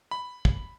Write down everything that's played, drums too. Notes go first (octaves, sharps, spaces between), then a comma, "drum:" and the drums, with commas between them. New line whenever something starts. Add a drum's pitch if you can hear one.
B5
drum: kick